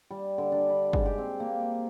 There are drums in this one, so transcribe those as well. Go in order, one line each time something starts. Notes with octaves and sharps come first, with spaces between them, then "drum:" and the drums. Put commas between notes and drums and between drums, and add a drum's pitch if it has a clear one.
G3
D3
D4
B5
G#2, drum: kick
G4
C4
A#3